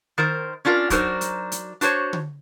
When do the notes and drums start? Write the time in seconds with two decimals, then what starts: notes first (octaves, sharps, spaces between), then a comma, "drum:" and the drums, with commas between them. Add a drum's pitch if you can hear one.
0.18 D#3 A#4 C5
0.65 C#4 D4 F4 G#4 A#4
0.90 F#3 D4 D#4 F#4 A#4 C5, drum: kick, hi-hat
1.21 drum: hi-hat
1.52 drum: hi-hat
1.81 D4 F#4 C5 C#5, drum: hi-hat
2.13 drum: tom D3